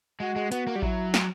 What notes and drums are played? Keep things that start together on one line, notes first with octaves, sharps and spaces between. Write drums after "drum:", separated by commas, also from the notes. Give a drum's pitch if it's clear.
G#3 F#4
G#3
B3 F#4, drum: hi-hat
A#3
G3
F#3 E4, drum: kick A1
drum: snare